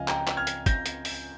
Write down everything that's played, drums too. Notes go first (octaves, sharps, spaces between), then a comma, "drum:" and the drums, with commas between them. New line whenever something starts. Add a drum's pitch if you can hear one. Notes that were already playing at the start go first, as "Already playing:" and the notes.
Already playing: C#2 C#3 F3 D#5 F5 G#5
G5 A#5, drum: clap
drum: clap
F6 G#6
drum: hi-hat
G6 A#6, drum: kick, hi-hat
drum: hi-hat
drum: open hi-hat